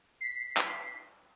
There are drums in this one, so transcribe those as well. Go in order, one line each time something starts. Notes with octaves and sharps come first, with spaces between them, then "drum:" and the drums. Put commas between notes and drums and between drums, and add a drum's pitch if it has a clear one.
B6 C7
drum: clap